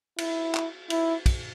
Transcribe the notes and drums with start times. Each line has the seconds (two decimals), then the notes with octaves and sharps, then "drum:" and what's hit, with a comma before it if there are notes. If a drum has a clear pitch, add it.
0.18 E4, drum: cymbal
0.55 drum: clap
0.90 E4, drum: cymbal
1.26 drum: kick, cymbal